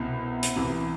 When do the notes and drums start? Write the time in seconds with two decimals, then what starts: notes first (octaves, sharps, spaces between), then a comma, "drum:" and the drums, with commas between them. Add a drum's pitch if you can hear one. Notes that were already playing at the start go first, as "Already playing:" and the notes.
Already playing: C2 B2 B3 E4
0.43 drum: hi-hat
0.56 C2 C3 E3